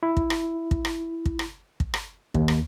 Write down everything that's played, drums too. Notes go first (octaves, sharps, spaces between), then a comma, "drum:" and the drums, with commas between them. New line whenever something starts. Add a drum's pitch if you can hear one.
E4
drum: kick
drum: rim click
drum: kick
drum: rim click
drum: kick
drum: rim click
drum: kick
drum: rim click
D#2, drum: kick
drum: rim click